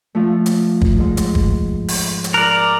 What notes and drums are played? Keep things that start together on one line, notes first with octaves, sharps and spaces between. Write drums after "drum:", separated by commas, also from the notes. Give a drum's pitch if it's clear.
F3 A3
drum: hi-hat
drum: kick
G#2
drum: hi-hat
drum: kick
drum: open hi-hat
drum: hi-hat
A#4 D5 F#6